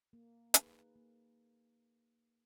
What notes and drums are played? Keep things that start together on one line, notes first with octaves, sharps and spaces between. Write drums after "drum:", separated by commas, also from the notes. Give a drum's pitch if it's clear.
A#3
D#4 G#4 B4, drum: hi-hat
A#3